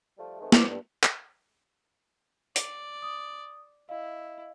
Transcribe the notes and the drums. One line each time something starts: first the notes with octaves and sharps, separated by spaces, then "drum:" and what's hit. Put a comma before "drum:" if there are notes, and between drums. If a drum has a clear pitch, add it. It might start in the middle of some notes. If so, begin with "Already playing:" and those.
F3 G3 A3
D#3 G#3 A3 B3 C4
D6, drum: snare
G2
drum: clap
D5, drum: hi-hat
D#6
E4 D#5 F5